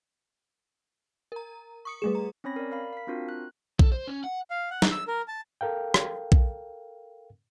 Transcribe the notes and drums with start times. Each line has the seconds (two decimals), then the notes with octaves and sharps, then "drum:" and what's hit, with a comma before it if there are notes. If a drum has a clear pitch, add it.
1.32 A#4 A#5
1.85 C#6 D#6 C#7
2.02 G3 A3 G#4 B4 E7
2.15 A#5
2.44 C4 C#4 C#5 B5 A#6
2.56 A#4 D5
2.71 A#4 F5 B5
2.93 F5 B6
3.07 C4 D4 F4 F#4 A#4
3.29 F#6
3.79 A4, drum: kick A#1
3.92 C5
4.07 C#4
4.24 F#5
4.50 F5
4.70 F#5
4.82 drum: snare
4.91 E6
5.08 A#4
5.28 A5
5.61 A4 A#4 F5 G5
5.94 drum: rim click
6.32 drum: kick A#1